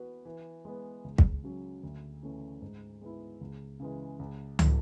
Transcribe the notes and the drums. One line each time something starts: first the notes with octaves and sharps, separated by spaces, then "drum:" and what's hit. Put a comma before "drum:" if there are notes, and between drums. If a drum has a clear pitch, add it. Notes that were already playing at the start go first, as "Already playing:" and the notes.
Already playing: E3 B3 F#4 B4
E3
G#3 B3
C#2
drum: kick
C#3 F#3 C#4
D2
C#3 E3 A3 C#4
G#2
G#3 B3 E4
C#2
C#3 E3 G#3
C#2
B2 A3 E4, drum: tom